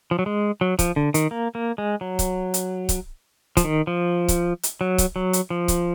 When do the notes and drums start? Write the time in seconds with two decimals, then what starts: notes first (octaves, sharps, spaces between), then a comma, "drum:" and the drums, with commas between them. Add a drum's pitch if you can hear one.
0.11 F3
0.19 F#3
0.26 G#3
0.61 F#3
0.79 F3, drum: kick C#1, hi-hat
0.96 D3
1.14 D#3, drum: hi-hat
1.31 A#3
1.55 A#3
1.78 G#3
2.01 F#3
2.19 drum: kick C#1, hi-hat
2.54 drum: hi-hat
2.89 drum: kick C#1, hi-hat
3.57 F3, drum: kick C#1, hi-hat
3.64 D#3
3.87 F3
4.28 drum: kick C#1, hi-hat
4.63 drum: hi-hat
4.81 F#3
4.98 drum: kick C#1, hi-hat
5.16 F#3
5.33 drum: hi-hat
5.50 F3
5.68 drum: kick C#1, hi-hat